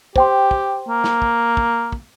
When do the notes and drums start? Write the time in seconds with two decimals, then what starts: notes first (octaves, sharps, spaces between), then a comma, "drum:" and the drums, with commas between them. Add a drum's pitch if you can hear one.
0.16 G4 C5 G5 C6, drum: kick
0.51 drum: kick
0.89 A#3
1.04 drum: snare
1.22 drum: kick
1.57 drum: kick
1.92 drum: kick